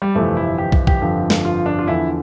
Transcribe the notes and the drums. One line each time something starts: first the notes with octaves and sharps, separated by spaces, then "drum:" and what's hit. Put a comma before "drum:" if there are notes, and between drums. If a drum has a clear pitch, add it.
G3
G1 F2 C3 E3 A3
E4
G4
drum: kick
G4, drum: kick
G1 F2 D3 F3
drum: snare
F4
D4
F4
E2 D3 F3 E4